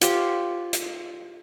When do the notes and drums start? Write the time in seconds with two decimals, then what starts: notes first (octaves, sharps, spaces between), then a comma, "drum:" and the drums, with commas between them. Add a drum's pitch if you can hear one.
0.01 F4 G4 C5, drum: hi-hat
0.73 drum: hi-hat